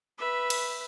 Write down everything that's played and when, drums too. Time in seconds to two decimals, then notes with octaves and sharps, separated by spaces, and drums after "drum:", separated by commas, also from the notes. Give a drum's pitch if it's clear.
0.18 B4 E5
0.50 drum: cymbal